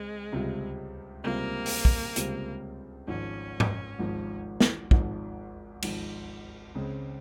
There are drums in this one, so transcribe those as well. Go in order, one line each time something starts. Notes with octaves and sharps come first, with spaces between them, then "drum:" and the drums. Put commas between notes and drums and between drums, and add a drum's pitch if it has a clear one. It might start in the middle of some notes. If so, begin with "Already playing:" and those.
Already playing: C#2 G#3 C4
C#2 C3 G3 C4 F4
C#2 C3 G3 A#3 C4 F4
drum: open hi-hat
drum: kick
C#2 C3 G3 C4 F4, drum: hi-hat
G#1 G#2 F3 C#4
drum: tom G#2
G#1 G#2 F3
drum: snare
G#1 G#2 F3, drum: kick
G#1 G#2 F3, drum: cymbal
C#2 C#3 G#3 C4